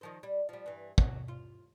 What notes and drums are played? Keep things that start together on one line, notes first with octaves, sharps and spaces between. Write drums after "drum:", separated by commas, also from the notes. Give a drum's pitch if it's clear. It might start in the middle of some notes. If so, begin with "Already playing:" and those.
D#3 F3 C5
G3
F3 G3
G2 E3
F#3, drum: kick
F4